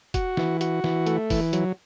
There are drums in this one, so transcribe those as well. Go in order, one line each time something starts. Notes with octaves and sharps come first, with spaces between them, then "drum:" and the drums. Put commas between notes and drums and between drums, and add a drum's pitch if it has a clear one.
F#4, drum: kick, hi-hat
E3, drum: snare
F#4, drum: hi-hat
E3, drum: snare
A3, drum: hi-hat
E3, drum: kick, open hi-hat
F#3, drum: hi-hat